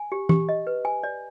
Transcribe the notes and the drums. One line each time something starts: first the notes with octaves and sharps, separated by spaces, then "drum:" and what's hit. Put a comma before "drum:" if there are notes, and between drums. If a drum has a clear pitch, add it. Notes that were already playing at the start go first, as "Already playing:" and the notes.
Already playing: G#5
G4
G4, drum: tom
D#5
B4
G#5
D5